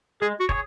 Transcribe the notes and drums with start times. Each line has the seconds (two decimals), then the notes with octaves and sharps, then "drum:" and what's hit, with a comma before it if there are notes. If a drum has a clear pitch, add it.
0.22 G#3 G#4
0.40 F#4
0.49 G#4 C#5, drum: kick